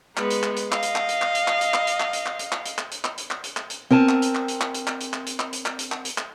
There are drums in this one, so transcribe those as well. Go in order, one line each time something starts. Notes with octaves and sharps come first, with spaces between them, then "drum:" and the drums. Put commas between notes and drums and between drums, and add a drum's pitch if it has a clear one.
G#3 B3, drum: clap
drum: hi-hat
drum: clap
drum: hi-hat
D#5 F5, drum: clap
drum: hi-hat
drum: clap
drum: hi-hat
drum: clap
drum: hi-hat
drum: clap
drum: hi-hat
drum: clap
drum: hi-hat
drum: clap
drum: hi-hat
drum: clap
drum: hi-hat
drum: clap
drum: hi-hat
drum: clap
drum: hi-hat
drum: clap
drum: hi-hat
drum: clap
drum: hi-hat
drum: clap
drum: hi-hat
C4 A#4 G#5 A5
drum: clap
drum: hi-hat
drum: clap
drum: hi-hat
drum: clap
drum: hi-hat
drum: clap
drum: hi-hat
drum: clap
drum: hi-hat
drum: clap
drum: hi-hat
drum: clap
drum: hi-hat
drum: clap
drum: hi-hat
drum: clap